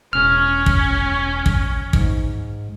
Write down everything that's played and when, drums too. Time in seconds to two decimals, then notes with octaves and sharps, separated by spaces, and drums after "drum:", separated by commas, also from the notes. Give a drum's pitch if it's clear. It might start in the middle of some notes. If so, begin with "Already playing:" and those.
0.13 E1 C#4 F6
0.66 drum: kick
1.46 drum: kick
1.93 G#2, drum: kick